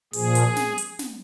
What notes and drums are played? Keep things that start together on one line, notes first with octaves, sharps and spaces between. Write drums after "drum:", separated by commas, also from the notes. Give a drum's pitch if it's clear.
A#2 F3 G#4, drum: open hi-hat
drum: hi-hat
drum: snare
drum: hi-hat
drum: snare